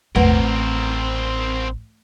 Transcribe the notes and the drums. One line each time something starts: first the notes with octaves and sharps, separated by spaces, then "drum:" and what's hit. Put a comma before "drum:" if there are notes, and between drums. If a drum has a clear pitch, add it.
A1 A3 C4 A#4 B4 F#5, drum: tom E2